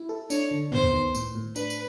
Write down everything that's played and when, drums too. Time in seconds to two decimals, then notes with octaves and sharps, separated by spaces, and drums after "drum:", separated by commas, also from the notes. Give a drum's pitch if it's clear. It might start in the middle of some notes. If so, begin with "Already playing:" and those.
Already playing: E4
0.09 A4
0.30 D4 C#5, drum: tambourine
0.51 D3
0.72 B3 C5, drum: tom
0.93 D#3
1.15 A2, drum: tambourine
1.35 A2
1.56 D4 B4, drum: tambourine
1.70 drum: tambourine